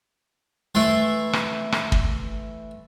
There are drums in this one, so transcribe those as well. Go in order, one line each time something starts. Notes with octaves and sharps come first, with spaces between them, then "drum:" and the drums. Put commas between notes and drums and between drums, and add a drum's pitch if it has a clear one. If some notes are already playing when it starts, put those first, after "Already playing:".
E3 A3 E4 C6
drum: rim click
drum: rim click
drum: kick